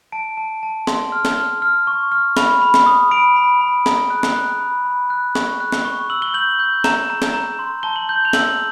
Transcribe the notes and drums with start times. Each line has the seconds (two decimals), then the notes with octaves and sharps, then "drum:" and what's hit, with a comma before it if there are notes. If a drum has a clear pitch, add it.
0.12 A5 D7
0.37 A5
0.63 A5
0.87 C6, drum: snare
1.12 F6
1.25 drum: snare
1.37 F6
1.62 F6
1.87 C#6
2.12 F6
2.37 B5, drum: snare
2.62 B5
2.74 drum: snare
2.86 D#6
3.11 B5 D7
3.36 B5
3.61 B5
3.86 A#5, drum: snare
4.10 F#6
4.23 drum: snare
4.36 F#6
4.61 B5
4.85 B5
5.10 F#6
5.35 C#6, drum: snare
5.60 F#6
5.72 drum: snare
5.85 C#6
6.10 E6 F#7
6.22 G7
6.34 G6 F#7
6.59 G6
6.84 A#5, drum: snare
7.10 A#5
7.22 drum: snare
7.34 A#5
7.59 C6
7.83 A5 G7
7.96 F#7
8.09 G6
8.25 F7
8.33 E6 F#7, drum: snare